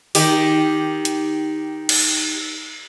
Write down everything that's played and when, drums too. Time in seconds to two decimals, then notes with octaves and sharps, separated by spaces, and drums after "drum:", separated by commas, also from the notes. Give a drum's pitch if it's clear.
0.15 D#3 G4, drum: open hi-hat
1.05 drum: hi-hat
1.89 drum: cymbal